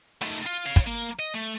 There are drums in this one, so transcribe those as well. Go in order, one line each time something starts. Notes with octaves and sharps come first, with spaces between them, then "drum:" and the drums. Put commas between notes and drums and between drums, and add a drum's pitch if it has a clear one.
D#3 A3, drum: hi-hat
F4
C#5 F5
drum: kick, hi-hat
A#3
D#5
A3